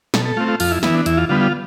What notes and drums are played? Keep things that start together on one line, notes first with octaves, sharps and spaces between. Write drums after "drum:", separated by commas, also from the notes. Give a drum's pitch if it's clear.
B2 A4, drum: snare
A4
A3 C4 F4
F4
F2 F4, drum: open hi-hat
E4
E3 B3 E4, drum: snare
D4
E2 E4, drum: hi-hat
F4
D3 G3 B3 F4
F4